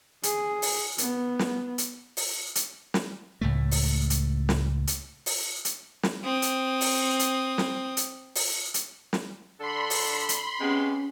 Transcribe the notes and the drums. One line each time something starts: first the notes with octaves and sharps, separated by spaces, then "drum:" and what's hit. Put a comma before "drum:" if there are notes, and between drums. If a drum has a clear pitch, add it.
G#4, drum: hi-hat
drum: open hi-hat
B3, drum: hi-hat
drum: snare
drum: hi-hat
drum: open hi-hat
drum: hi-hat
drum: snare
C#2 A2 A3
drum: open hi-hat
drum: hi-hat
drum: snare
drum: hi-hat
drum: open hi-hat
drum: hi-hat
drum: snare
C4 D#6
drum: hi-hat
drum: open hi-hat
drum: hi-hat
drum: snare
drum: hi-hat
drum: open hi-hat
drum: hi-hat
drum: snare
D3 D4 A4 B5 C6
drum: open hi-hat
drum: hi-hat
C3 G#3 B3 C#4